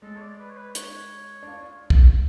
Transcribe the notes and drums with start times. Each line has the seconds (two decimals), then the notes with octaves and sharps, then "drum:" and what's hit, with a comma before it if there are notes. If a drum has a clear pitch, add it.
0.02 G#3 A4
0.16 C#5
0.21 D5
0.39 B4
0.49 C#5
0.57 B4
0.75 C#5, drum: hi-hat
1.43 D4
1.48 F4
1.90 drum: kick